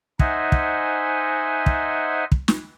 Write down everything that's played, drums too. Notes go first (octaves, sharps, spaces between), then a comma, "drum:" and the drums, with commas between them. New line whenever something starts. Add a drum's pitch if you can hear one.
D#4 C5 D#5 E5 F#5 G#5, drum: kick
drum: kick
drum: kick
drum: kick
drum: snare